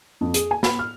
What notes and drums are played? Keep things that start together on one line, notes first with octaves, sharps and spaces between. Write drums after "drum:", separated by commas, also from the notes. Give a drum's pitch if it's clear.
F2
G#4, drum: hi-hat
G#5
B5, drum: snare
F6